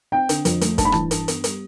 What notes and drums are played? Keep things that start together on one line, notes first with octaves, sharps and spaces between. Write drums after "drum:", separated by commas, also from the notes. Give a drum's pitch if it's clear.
C4 G5
D3, drum: hi-hat
F2, drum: hi-hat
A3, drum: hi-hat
G2 A5, drum: kick, hi-hat
B5
E3 A5, drum: rim click
G2, drum: hi-hat
B3, drum: hi-hat
G3, drum: hi-hat